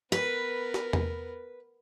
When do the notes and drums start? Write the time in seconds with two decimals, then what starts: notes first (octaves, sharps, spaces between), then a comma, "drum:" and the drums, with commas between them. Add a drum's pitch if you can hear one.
0.12 B3 A#4 B4, drum: snare
0.74 drum: snare
0.93 drum: tom E2